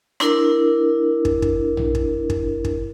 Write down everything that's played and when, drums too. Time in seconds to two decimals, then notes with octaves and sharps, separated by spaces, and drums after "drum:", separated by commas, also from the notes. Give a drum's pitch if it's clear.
0.20 D4 E4 A#4, drum: rim click
1.25 drum: kick
1.42 drum: kick
1.77 drum: tom A#1
1.95 drum: kick
2.30 drum: kick
2.64 drum: kick